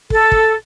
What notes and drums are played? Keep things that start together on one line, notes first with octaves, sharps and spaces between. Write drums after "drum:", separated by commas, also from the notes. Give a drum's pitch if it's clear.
A4, drum: kick
drum: kick